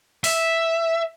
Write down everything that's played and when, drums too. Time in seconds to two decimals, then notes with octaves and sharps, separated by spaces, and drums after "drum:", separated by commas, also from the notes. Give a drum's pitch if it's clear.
0.24 E5, drum: open hi-hat